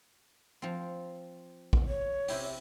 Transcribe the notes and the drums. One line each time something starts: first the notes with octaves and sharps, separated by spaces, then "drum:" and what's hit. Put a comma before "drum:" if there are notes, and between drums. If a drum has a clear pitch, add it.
F3 C4
drum: kick A#1
C#5
C3 E4 G4, drum: open hi-hat